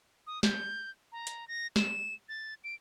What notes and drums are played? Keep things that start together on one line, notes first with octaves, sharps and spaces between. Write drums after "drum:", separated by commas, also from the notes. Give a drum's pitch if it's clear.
D#6
G6, drum: snare
A#5
drum: hi-hat
A#6
E7, drum: snare
A6
D7